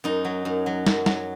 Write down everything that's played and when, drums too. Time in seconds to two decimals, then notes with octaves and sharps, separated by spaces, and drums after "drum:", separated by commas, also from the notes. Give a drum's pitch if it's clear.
0.04 F#2 D#4
0.25 F#3
0.45 F#2
0.66 F#3
0.87 F#2, drum: snare
1.06 F#3, drum: snare